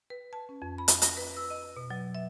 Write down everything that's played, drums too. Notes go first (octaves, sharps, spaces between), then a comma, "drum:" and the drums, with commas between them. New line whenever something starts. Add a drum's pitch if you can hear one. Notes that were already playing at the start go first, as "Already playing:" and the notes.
B4
A5
C#4
F2
B5
drum: hi-hat
A#6, drum: hi-hat
B4
E6
D#5
B2
F#3
E5